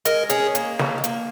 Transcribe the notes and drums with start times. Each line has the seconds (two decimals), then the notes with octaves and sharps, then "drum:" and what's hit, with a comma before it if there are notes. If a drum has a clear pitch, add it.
0.05 G#3 A#4 D#5, drum: hi-hat
0.30 C#4 G#4 C#5, drum: hi-hat
0.55 A#3, drum: hi-hat
0.79 A#3, drum: snare
0.98 G#3
1.04 A#3, drum: hi-hat